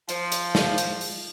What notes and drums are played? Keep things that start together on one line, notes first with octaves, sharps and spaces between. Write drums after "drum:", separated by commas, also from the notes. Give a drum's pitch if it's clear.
F3, drum: hi-hat
drum: hi-hat
drum: snare
drum: hi-hat
drum: open hi-hat